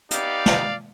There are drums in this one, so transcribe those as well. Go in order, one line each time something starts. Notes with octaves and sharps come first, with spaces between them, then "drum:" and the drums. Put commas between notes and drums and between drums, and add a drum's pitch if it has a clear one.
B3 D#4 G4 D5 F5, drum: hi-hat
drum: snare